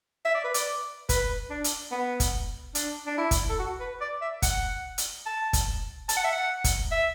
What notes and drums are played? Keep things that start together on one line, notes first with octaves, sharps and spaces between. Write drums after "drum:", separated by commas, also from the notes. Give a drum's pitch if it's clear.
E5
D5
B4
D5, drum: hi-hat
B4, drum: kick, hi-hat
D4
drum: hi-hat
B3
drum: kick, hi-hat
D4, drum: hi-hat
D4
E4
drum: kick, hi-hat
A4
F#4
B4
D5
E5
F#5, drum: kick, hi-hat
drum: hi-hat
A5
drum: kick, hi-hat
A5, drum: hi-hat
F#5
E5
F#5
drum: kick, hi-hat
E5